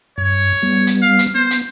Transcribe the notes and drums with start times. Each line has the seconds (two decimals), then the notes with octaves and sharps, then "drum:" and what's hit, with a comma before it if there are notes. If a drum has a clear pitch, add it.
0.18 G2 C#5
0.62 G3 B3
0.87 drum: hi-hat
1.02 F5
1.19 drum: hi-hat
1.35 B3 C5
1.51 drum: hi-hat